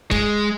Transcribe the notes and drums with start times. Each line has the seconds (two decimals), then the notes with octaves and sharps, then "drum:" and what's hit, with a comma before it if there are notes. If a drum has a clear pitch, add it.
0.11 G#3, drum: kick